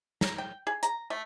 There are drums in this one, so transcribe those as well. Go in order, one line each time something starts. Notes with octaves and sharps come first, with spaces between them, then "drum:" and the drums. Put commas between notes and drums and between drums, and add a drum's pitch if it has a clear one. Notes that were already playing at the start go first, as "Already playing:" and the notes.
A#5, drum: snare
G5
G#4
A#5, drum: hi-hat
A3